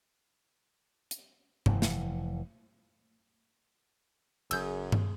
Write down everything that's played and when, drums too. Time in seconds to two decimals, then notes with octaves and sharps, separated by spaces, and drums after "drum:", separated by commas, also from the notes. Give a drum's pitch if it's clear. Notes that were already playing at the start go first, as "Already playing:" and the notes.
1.11 drum: hi-hat
1.66 F1 E3, drum: tom G2
1.82 drum: snare
4.51 F#1 F#2 G#4 E6 G6, drum: cymbal
4.92 drum: tom G2